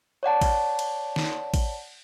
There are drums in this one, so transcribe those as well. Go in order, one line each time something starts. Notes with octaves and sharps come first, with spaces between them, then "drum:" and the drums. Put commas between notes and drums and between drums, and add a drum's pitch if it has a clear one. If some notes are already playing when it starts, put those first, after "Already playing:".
C#5 D5 F#5 A5
drum: kick A1, cymbal
drum: cymbal
drum: snare
drum: kick A1, cymbal